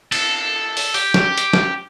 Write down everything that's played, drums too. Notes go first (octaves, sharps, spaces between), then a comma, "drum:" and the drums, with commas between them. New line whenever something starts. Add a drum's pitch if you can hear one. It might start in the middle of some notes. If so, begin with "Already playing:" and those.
A4, drum: cymbal
drum: open hi-hat
G4, drum: open hi-hat
drum: snare
drum: hi-hat
drum: snare